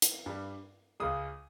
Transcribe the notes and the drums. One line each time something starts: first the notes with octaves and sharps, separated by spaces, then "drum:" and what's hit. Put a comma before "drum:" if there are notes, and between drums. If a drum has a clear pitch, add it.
drum: hi-hat
G2 G3
C#2 C#3 G#3 D#6